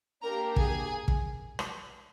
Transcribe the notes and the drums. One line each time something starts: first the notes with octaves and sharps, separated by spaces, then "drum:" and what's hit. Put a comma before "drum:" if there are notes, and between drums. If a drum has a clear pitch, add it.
A#3 D4 G4 A#4 A#5
G#4 G#5, drum: kick
drum: kick
drum: rim click